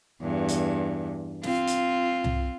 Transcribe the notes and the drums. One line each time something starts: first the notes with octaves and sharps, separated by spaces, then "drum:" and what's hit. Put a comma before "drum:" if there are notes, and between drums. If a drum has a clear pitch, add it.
E2 G2
drum: hi-hat
C4 F4, drum: snare
drum: hi-hat
drum: tom C2